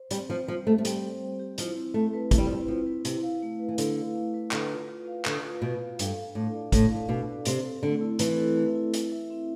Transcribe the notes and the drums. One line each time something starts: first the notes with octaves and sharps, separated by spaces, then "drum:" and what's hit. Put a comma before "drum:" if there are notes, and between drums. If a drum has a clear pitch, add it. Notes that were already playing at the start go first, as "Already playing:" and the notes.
Already playing: C5
G3 C4, drum: hi-hat
F3 C5
F3 G3
A3 G4
A3
G3 C4, drum: hi-hat
C5
G3
G4
F3 E4, drum: hi-hat
C4
A3 C4
B4
A3 E4, drum: kick, hi-hat
G3
F3
G3 C4
F3 C4
B4
C3 E4, drum: hi-hat
F5
A3
B4
E3
D3 E4, drum: hi-hat
F5
A3
B4
D3 B4, drum: clap
F4
F4
F5
D3 B4, drum: clap
F4
B2 F4
F5
G2 A4, drum: hi-hat
F5
A2 D4
D5
A2 A4, drum: kick, hi-hat
F5
B2 D4
D5
C3 C4, drum: hi-hat
A4
D3 A3
E4
E3 C4, drum: hi-hat
A4
A3
E4
E4, drum: hi-hat
E5
C4